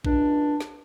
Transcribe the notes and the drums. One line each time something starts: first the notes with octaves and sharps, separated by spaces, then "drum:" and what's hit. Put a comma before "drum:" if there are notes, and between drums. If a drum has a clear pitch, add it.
C#2 D4, drum: kick A#1
drum: snare